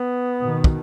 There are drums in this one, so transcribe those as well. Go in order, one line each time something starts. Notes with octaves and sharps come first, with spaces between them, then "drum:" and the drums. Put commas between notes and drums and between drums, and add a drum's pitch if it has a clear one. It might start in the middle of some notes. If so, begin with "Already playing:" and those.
Already playing: B3
B2 D#3
drum: kick